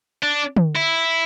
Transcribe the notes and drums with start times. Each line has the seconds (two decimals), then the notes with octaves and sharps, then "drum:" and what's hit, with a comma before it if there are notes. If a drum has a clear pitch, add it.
0.23 D4
0.56 drum: tom
0.76 E4